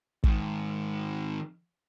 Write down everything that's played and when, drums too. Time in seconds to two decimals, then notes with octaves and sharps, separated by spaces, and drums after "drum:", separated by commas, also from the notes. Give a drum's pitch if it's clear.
0.24 G#2 D#3, drum: kick